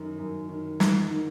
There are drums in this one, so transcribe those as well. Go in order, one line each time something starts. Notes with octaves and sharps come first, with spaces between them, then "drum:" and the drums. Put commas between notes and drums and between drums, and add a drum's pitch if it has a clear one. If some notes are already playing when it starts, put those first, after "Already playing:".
Already playing: F#2 D#3
F#2
D#3
G#2, drum: snare
D#3